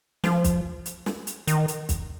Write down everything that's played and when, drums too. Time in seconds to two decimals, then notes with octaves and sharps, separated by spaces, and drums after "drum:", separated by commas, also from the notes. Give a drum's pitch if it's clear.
0.24 F3, drum: snare
0.44 drum: kick, hi-hat
0.86 drum: hi-hat
1.06 drum: snare
1.27 drum: hi-hat
1.47 D#3, drum: hi-hat
1.68 drum: hi-hat
1.89 drum: kick, hi-hat